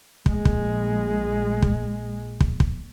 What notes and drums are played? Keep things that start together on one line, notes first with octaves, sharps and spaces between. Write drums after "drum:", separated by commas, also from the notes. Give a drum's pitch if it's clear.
A#1 G#3, drum: kick
drum: kick
drum: kick
drum: kick
drum: kick